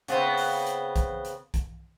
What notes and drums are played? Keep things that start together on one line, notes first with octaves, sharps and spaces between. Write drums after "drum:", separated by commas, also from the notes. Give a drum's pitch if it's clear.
C#3 B3 C4, drum: hi-hat
drum: open hi-hat
drum: hi-hat
drum: kick, hi-hat
drum: hi-hat
drum: kick, hi-hat